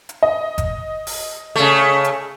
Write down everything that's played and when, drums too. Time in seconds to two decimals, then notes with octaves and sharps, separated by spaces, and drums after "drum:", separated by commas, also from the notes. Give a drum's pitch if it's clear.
0.09 drum: hi-hat
0.23 D#5
0.58 drum: kick G1, hi-hat
1.07 drum: open hi-hat
1.56 C#3 A3
2.04 drum: hi-hat